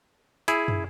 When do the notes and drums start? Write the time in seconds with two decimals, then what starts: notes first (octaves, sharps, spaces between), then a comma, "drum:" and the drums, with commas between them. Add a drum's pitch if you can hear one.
0.48 E4 G#4, drum: hi-hat
0.68 drum: tom